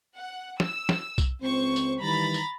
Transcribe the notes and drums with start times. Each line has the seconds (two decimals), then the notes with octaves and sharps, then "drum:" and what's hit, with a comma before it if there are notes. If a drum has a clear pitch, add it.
0.15 F#5
0.60 E6, drum: snare
0.89 drum: snare
1.18 drum: kick B1, tambourine
1.42 C#2 C4 C5 C#6
1.76 drum: tambourine
2.01 D#3 E3 G3 A#5 B5 A6
2.34 drum: tambourine